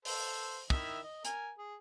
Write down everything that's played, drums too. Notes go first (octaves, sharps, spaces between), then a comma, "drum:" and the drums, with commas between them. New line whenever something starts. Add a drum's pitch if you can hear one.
A4 C5, drum: open hi-hat
D#3 E4 E5, drum: kick
D#5
A#4 G#5, drum: hi-hat
G#4